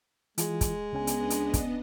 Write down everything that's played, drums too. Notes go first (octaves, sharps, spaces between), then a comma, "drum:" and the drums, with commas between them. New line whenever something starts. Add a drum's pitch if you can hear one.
E3 G#3 F4, drum: hi-hat
drum: kick, hi-hat
C#2 B3 C#4 D4 D#5 G#5
drum: hi-hat
drum: hi-hat
drum: kick, hi-hat